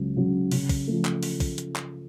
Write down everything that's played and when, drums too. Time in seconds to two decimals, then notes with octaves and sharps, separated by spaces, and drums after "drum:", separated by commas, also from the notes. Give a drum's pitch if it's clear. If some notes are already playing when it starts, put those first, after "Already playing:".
Already playing: C#2 C#3 F#3
0.17 C#3 F#3
0.51 C#3, drum: open hi-hat
0.69 drum: kick, open hi-hat
0.88 F3 A3
1.05 drum: clap
1.23 drum: open hi-hat
1.40 drum: kick, open hi-hat
1.58 drum: hi-hat
1.76 drum: clap